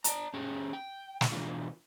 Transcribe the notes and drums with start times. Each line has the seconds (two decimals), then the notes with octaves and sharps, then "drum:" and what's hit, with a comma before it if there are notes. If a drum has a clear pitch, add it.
0.04 D5 A5 A#5, drum: hi-hat
0.34 C#4 G4 G#4 G5
0.73 G5
1.21 drum: snare
1.32 B2 E3 D4 F4